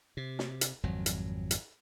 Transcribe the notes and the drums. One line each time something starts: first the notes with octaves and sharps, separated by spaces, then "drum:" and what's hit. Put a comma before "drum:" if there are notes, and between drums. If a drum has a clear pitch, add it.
C3
drum: snare
drum: hi-hat
G#1 F2 F#3
drum: hi-hat
drum: hi-hat